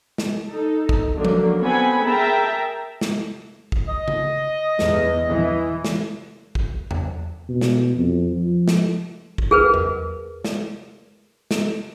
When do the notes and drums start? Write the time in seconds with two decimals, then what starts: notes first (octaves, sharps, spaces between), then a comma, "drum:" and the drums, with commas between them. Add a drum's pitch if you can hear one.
0.18 drum: snare
0.46 D#4 A4
0.89 drum: kick
1.14 D3 F#3 A#3
1.25 drum: tom F3
1.60 B3 C4 A4 F#5 G#5 B5
2.03 G#4 A#4 E5 G5 A5 A#5
3.01 drum: snare
3.72 drum: kick
3.88 D#5
4.08 drum: tom C#3
4.79 E2, drum: snare
5.28 E3
5.85 drum: snare
6.55 drum: kick
6.91 drum: tom E2
7.49 B2
7.61 drum: snare
7.96 F2
8.33 F3
8.68 drum: snare
9.38 drum: kick
9.51 G#4 A#4 B4
9.74 drum: tom E2
10.44 drum: snare
11.51 drum: snare